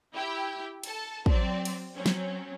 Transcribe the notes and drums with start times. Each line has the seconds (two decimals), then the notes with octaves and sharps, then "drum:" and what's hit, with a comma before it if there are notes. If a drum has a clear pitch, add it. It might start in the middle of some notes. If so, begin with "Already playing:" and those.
0.14 E4 G4 G5
0.83 A4 A5, drum: cymbal
1.26 F#3 C4 D5, drum: kick
1.65 drum: cymbal
1.95 F#3 C4 C#4
2.06 drum: snare